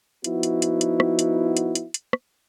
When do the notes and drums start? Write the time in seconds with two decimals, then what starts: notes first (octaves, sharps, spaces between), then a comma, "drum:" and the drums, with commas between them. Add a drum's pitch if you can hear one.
0.24 F3 B3 D#4 E4 F#4, drum: hi-hat
0.43 drum: hi-hat
0.62 drum: hi-hat
0.81 drum: hi-hat
1.00 drum: rim click
1.19 drum: hi-hat
1.57 drum: hi-hat
1.75 drum: hi-hat
1.94 drum: hi-hat
2.13 drum: rim click